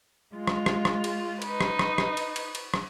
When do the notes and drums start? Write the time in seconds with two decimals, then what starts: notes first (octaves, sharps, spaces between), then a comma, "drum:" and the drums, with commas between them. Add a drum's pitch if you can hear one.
0.34 G#3 F4
0.47 drum: rim click
0.66 drum: rim click
0.85 drum: rim click
1.04 drum: cymbal
1.42 D#4 B4, drum: cymbal
1.61 drum: rim click
1.79 drum: rim click
1.98 drum: rim click
2.17 drum: cymbal
2.36 drum: cymbal
2.55 drum: cymbal
2.74 drum: rim click